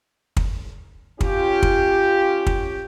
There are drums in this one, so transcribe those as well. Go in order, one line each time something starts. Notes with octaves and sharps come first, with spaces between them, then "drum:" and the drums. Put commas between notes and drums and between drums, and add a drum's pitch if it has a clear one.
drum: kick
C#4 F4 G4, drum: kick
drum: kick
drum: kick